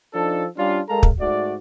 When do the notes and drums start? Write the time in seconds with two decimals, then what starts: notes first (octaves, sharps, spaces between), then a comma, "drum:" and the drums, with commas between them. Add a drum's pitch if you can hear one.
0.14 F3 D4 D#4 A4
0.57 G3 C#4 D4 F4
0.89 G#3 A4 A#4 F5 A#5
1.03 drum: kick
1.20 G#2 A3 F#4 D5